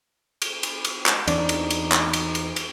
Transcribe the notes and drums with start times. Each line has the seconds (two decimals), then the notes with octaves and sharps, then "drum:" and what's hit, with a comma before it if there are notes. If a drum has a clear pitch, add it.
0.42 drum: cymbal
0.63 drum: cymbal
0.85 drum: cymbal
1.06 drum: clap
1.28 E2 E3 C4 D4 D#4 C#5 D5, drum: cymbal
1.49 drum: cymbal
1.70 drum: cymbal
1.92 drum: clap
2.13 drum: cymbal
2.35 drum: cymbal
2.56 drum: cymbal